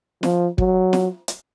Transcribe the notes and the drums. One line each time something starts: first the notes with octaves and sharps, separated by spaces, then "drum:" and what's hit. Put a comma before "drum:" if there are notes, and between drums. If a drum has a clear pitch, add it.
F3, drum: snare
F#3, drum: kick
drum: snare
drum: hi-hat